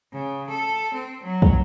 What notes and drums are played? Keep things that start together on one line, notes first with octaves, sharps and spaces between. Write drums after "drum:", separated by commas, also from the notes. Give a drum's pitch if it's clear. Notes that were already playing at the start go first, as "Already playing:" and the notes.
C#3
A4
C4
F#3
drum: kick